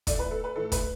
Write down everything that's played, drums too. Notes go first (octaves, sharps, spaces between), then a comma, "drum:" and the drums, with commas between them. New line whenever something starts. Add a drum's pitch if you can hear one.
A2 E3 A3 D5, drum: kick, hi-hat
B4
A4
B4
A2 E3 A3 A4
B4, drum: kick, hi-hat